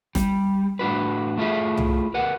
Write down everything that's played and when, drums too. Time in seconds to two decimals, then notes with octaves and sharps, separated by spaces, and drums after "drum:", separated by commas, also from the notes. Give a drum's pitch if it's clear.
0.15 G3, drum: snare
0.79 A2 D4 F#4 B4
1.38 A3 E4 F4 G#4 E5
1.77 drum: tom C2
2.14 G4 A#4 B4 F#5